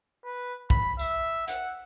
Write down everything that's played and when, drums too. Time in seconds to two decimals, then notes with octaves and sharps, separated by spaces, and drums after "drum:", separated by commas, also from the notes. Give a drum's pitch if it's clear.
0.25 B4
0.70 B5, drum: kick
0.99 E5, drum: tambourine
1.48 F#5, drum: hi-hat